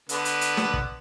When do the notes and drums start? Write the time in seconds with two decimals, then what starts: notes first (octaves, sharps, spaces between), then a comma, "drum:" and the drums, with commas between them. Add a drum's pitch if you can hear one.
0.09 D3 B3, drum: hi-hat
0.25 drum: hi-hat
0.41 drum: hi-hat
0.57 drum: snare
0.73 drum: kick